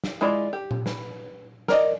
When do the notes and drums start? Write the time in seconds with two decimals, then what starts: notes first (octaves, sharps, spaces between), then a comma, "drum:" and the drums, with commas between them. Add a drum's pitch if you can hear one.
0.04 drum: snare
0.21 G#3 E4 F4 D5
0.53 G4
0.71 drum: tom A#2
0.86 B4, drum: snare
1.68 A#4 D5 D#5, drum: snare